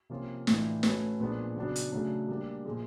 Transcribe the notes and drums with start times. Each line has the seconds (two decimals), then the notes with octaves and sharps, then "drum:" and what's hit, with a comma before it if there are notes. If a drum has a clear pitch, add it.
0.09 C3 F3 A#3 C#4 F4
0.47 A2 E3 A3 D4 F4, drum: snare
0.83 A3 C#4 F#4 B4, drum: snare
1.20 A#2 F3 G#3 B3 D4
1.56 C#3 F#3 B3 D4
1.76 drum: hi-hat
1.92 C#3 F#3 A3 D4
2.28 G3 A#3 D4
2.65 A#2 F3 G#3